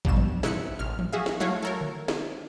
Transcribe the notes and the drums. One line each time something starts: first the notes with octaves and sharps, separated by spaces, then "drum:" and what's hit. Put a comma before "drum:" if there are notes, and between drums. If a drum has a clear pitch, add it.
G2 B2 E7, drum: kick A1
drum: tom E3
C2 E4 E6 F#6 C#7, drum: snare
A1 F6
drum: tom E3
F#4 G#4 E5 F5
drum: snare
F#3 A3 E4 F#4 C#5 F5
A4 A#4 C#5
drum: tom D3
drum: snare